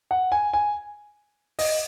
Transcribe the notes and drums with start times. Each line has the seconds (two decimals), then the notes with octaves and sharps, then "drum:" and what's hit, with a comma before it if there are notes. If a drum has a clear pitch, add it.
0.11 F#5
0.32 G#5
0.53 G#5
1.59 D#5, drum: open hi-hat